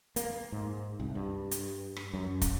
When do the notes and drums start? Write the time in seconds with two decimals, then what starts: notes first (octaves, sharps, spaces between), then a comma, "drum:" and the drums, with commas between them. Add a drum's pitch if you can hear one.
0.16 A#3, drum: hi-hat
0.52 G#2
1.00 C2
1.15 G2
1.51 drum: hi-hat
1.96 drum: rim click
2.14 F#2
2.42 drum: kick, hi-hat